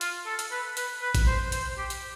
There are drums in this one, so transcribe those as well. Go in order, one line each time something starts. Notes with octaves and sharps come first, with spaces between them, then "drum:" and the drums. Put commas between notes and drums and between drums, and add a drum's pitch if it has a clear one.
F4, drum: hi-hat
A4
drum: hi-hat
B4
B4, drum: hi-hat
B4
drum: kick A1, hi-hat
C5
C5, drum: hi-hat
G4
drum: hi-hat